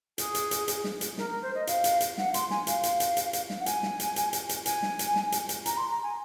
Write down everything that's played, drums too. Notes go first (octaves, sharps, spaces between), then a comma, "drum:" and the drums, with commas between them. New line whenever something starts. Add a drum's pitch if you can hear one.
G#4, drum: hi-hat
drum: hi-hat
drum: hi-hat
drum: hi-hat
drum: snare
drum: hi-hat
A#4, drum: snare
A#4
C5
D#5
F5, drum: hi-hat
drum: hi-hat
drum: hi-hat
F#5, drum: snare
C6, drum: hi-hat
G#5, drum: snare
F5, drum: hi-hat
drum: hi-hat
drum: hi-hat
drum: hi-hat
drum: hi-hat
drum: snare
F#5
G#5, drum: hi-hat
drum: snare
drum: hi-hat
drum: hi-hat
drum: hi-hat
drum: hi-hat
G#5, drum: hi-hat
drum: snare
drum: hi-hat
drum: snare
drum: hi-hat
drum: hi-hat
A#5, drum: hi-hat
C6
A#5
G#5